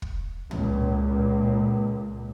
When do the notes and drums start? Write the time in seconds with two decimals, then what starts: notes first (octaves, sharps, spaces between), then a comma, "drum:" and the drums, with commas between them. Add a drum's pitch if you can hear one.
0.02 drum: kick
0.51 C#2 A#2, drum: tom